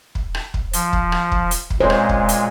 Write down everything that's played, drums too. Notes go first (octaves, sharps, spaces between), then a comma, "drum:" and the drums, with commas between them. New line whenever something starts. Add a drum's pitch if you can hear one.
drum: kick
drum: rim click
drum: kick
F3, drum: hi-hat
drum: kick
drum: rim click
drum: kick
drum: hi-hat
drum: kick
A#2 G#3 C5 C#5
drum: rim click
drum: kick
drum: hi-hat